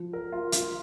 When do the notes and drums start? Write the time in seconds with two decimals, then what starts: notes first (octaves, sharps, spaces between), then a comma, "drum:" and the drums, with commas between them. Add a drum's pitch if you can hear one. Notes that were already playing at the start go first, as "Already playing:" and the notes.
Already playing: F3
0.13 A#4
0.32 F4
0.52 F4, drum: hi-hat